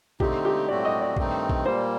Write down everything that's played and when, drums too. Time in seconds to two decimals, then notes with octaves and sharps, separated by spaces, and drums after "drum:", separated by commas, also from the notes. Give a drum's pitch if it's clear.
0.20 D3 A3 C4 D#4 G4, drum: kick
0.45 G4
0.69 A2 F#3 A3 C4 F#4 D5
0.85 D#5
1.02 D5
1.17 G2 D#3 A3 C4 D#4, drum: kick
1.49 drum: kick
1.65 A#2 G3 A#3 C5